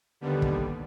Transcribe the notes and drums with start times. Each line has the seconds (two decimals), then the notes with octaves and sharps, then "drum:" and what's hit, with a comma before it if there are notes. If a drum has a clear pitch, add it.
0.21 D#2 D3 G3 B3
0.42 drum: kick